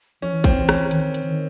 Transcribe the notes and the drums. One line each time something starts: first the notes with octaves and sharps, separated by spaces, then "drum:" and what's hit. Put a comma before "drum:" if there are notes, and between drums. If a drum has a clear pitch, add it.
F3 C#4
E3
F3 C4, drum: kick G#1, hi-hat
E3
C#4, drum: rim click
D#3, drum: hi-hat
drum: hi-hat
D#3